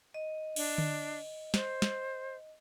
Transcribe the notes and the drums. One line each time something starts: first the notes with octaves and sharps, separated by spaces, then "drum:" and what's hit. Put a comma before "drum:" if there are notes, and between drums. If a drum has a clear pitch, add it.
D#5
D4, drum: cymbal
drum: tom D3
C5, drum: snare
drum: snare